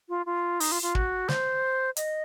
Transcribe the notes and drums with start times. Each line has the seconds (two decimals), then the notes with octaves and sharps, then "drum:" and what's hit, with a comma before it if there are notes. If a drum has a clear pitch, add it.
0.09 F4
0.26 F4
0.60 D#4, drum: open hi-hat
0.72 F4
0.82 F4
0.95 F#4, drum: kick
1.29 C5, drum: snare
1.97 D#5, drum: hi-hat